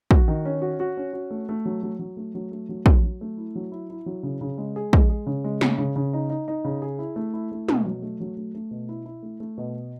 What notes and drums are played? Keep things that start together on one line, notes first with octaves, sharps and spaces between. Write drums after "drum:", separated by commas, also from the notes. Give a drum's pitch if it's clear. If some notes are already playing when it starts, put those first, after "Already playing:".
F#4, drum: kick
D#3
C#4
F#4
F#4
C#4
F#4
A3
A3
F#3
F#3
F#3
A3
F#3
A3
F#3
F#3, drum: kick
F#3
A3
E4
F#3
E4
E4
F#3
C#3
C#3
G#3
G#4
G#3, drum: kick
G#4
C#3
G#3
C#3, drum: snare
C#3
C#3
D#4
D#4
D#4
C#3
G#4
E4
A3
E4
A3
B2, drum: tom
F#3
A3
F#3
A3
A3
B2
E4
E4
A3
A3
B2